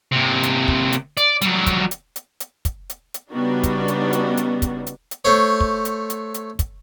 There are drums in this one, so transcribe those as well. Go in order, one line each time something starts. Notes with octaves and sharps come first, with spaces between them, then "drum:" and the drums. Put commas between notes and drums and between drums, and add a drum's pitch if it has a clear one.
C3 A#3
drum: hi-hat
drum: kick
drum: hi-hat
D5, drum: hi-hat
F#3 G3, drum: hi-hat
drum: kick, hi-hat
drum: hi-hat
drum: hi-hat
drum: hi-hat
drum: kick, hi-hat
drum: hi-hat
drum: hi-hat
C#3 G3 B3 D4 D#4 F#4
drum: kick, hi-hat
drum: hi-hat
drum: hi-hat
drum: hi-hat
drum: kick, hi-hat
drum: hi-hat
drum: hi-hat
A3 C5 C#5
drum: kick
drum: hi-hat
drum: hi-hat
drum: hi-hat
drum: kick, hi-hat